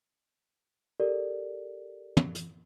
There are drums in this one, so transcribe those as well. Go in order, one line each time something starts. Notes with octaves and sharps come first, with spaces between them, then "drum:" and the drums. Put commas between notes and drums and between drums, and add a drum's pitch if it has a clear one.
G4 A4 A#4 D5
drum: tom
drum: hi-hat